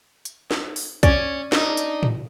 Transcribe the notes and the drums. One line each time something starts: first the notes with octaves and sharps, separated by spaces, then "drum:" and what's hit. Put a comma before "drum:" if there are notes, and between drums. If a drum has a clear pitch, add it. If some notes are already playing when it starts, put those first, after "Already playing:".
drum: hi-hat
drum: snare
drum: open hi-hat
C#4 D5, drum: kick, hi-hat
D4 D#4, drum: snare
drum: hi-hat
drum: tom A2